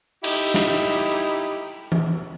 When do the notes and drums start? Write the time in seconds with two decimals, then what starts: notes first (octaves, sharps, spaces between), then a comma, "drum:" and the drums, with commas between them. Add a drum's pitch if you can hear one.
0.24 D#4 E4 G4, drum: cymbal
0.54 drum: snare
1.92 drum: tom E3